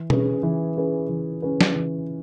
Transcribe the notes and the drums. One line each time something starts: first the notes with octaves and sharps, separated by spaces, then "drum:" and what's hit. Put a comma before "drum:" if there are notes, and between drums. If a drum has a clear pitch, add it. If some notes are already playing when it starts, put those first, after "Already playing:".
Already playing: E3
C#4 G#4 B4, drum: tom B2
E3
C#4 G#4 B4
E3
C#4 G#4 B4
drum: snare
E3